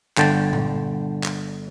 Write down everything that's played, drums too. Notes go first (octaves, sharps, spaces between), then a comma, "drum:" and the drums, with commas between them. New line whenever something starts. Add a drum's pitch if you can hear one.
G1 D3 G5 A5, drum: clap
drum: tom A#2
drum: clap